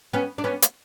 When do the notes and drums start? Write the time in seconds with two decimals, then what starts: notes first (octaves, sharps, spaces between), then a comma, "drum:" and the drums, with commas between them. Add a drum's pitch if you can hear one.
0.13 B3 C#4
0.38 D4
0.44 B3 C#4
0.62 drum: hi-hat